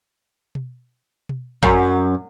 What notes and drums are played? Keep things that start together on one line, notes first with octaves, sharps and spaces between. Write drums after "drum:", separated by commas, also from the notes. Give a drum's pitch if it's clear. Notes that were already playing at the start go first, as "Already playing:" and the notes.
drum: tom B2
drum: tom B2
F#2, drum: kick